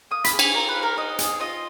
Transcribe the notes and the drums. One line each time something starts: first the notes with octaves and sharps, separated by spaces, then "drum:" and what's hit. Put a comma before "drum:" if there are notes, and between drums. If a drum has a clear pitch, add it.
A#3 D#6
B5, drum: hi-hat
G#4
G#5, drum: cymbal
F4 A#4
B4
A#3
A#4
B3 D#5
G#4, drum: hi-hat
F4 D#5